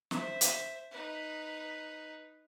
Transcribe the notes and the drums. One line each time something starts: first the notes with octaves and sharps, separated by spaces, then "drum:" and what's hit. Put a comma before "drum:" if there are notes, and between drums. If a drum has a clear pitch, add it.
C5 E5, drum: snare
drum: hi-hat
D#4 B4